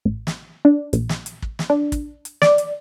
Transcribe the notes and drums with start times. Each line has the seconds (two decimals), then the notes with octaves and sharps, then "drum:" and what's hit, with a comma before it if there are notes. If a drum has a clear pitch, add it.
0.05 A1
0.27 drum: snare
0.65 D4
0.93 A#1, drum: hi-hat
1.09 drum: snare
1.26 drum: hi-hat
1.42 drum: kick
1.59 drum: snare
1.70 D4
1.92 drum: kick, hi-hat
2.25 drum: hi-hat
2.42 D5, drum: snare
2.58 drum: hi-hat